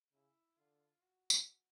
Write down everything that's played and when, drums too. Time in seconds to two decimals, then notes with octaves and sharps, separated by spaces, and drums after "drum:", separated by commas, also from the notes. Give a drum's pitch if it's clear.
0.13 C#3 E4
0.57 D3 F4
1.02 F#4
1.30 drum: tambourine